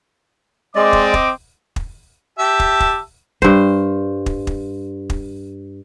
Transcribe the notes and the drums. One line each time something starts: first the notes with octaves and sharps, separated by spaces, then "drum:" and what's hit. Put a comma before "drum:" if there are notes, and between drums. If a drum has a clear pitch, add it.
G#3 C4 D5 D#5 D6
drum: kick
drum: kick
drum: kick
G4 E5 A5
drum: kick
drum: kick
G2 C5, drum: kick
drum: kick
drum: kick
drum: kick